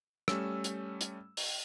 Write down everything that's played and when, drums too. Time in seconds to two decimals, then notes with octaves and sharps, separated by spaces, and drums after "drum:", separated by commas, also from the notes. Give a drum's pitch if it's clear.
0.28 G3 A3 C#4 E6, drum: rim click
0.64 drum: hi-hat
1.01 drum: hi-hat
1.37 drum: open hi-hat